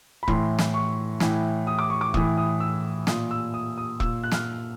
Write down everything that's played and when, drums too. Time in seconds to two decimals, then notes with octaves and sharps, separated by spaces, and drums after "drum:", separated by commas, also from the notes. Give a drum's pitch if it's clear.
0.23 B5
0.28 A2 E3 C6, drum: kick E1
0.59 drum: snare
0.74 C#6
1.20 A2 E3, drum: snare
1.67 D#6
1.79 D6
1.90 C#6
2.01 D6
2.14 A2 E3 D#6, drum: kick E1
2.38 D#6
2.60 E6
3.07 A#2 D#6, drum: snare
3.31 E6
3.54 D#6
3.78 D#6
4.00 A#2 E6, drum: kick E1
4.24 F#6
4.32 F6, drum: snare